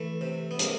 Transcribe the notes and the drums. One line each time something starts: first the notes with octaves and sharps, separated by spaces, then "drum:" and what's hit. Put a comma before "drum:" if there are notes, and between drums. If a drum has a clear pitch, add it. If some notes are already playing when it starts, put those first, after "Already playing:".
Already playing: E3 A3
C3
B3
C3 G#3 A#3, drum: hi-hat